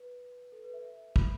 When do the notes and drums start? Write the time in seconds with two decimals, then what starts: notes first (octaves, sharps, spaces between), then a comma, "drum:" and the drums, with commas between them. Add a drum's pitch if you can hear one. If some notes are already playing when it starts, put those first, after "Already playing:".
Already playing: B4
0.52 A4
0.64 B4
0.73 E5
0.84 E5
1.16 B5, drum: kick